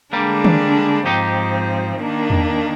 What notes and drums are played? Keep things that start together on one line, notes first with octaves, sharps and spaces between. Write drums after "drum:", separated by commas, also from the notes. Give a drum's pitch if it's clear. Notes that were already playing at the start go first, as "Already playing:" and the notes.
D3 G3 G#3 A#3 D4
drum: tom D#3
G#2 F3 C4 D#4 G4
D#3 A#3 D4
drum: tom E2